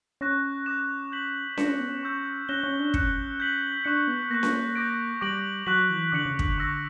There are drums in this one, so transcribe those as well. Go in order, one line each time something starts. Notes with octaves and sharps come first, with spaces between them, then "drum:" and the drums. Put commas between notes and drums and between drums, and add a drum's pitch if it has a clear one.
C#4 C#6 F#6 A#6
D6 A#6 E7
G6 B6 F#7
D4 A#6 C#7 E7, drum: snare C#4
C#4
B3
C#4
C#6 E6 G6
C#4 F#6 A#6 E7 G7
C#4
D4
C#4 F#6 C#7 E7 G7, drum: kick
G6 B6 F#7
D4 C#6 F#6 C#7
B3
A#3 C#6 F#6 A#6
drum: snare C#4
D6 G6 A#6 D7
G3 D6 A#6 D7 F#7
F#3 C#6 F#6 B6 F#7
E3
D3 D6 F#6 C#7 F#7
C#3
D3, drum: kick
C#6 E6 A#6